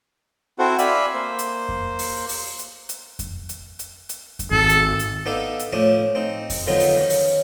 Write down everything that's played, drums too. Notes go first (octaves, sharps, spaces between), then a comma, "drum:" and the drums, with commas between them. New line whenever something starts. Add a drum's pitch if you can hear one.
C4 E4 F#4 A4 C5 F#5
D5 E5 F5 G#5 B5 E6, drum: hi-hat
A#3 C5
drum: hi-hat
drum: kick F2
drum: open hi-hat
drum: open hi-hat
drum: hi-hat
drum: hi-hat
drum: kick F2, hi-hat
drum: hi-hat
drum: hi-hat
drum: hi-hat
drum: kick F2, hi-hat
G#1 A4
drum: hi-hat
drum: hi-hat
B3 D4 D#4 A4 E5 F5
drum: hi-hat
A2 F3 C#4 D4 A5 D#6
C4 D#4
drum: kick F2, open hi-hat
D3 D#3 F3 F#3 B3 D#4
drum: open hi-hat
D#3 C#4
drum: open hi-hat